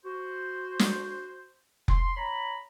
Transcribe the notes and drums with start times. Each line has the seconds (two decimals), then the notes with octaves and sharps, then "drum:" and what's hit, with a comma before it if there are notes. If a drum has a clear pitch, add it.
0.04 F#4 C5
0.79 drum: snare
1.88 C6, drum: kick F1
2.16 C#5 A#5 B5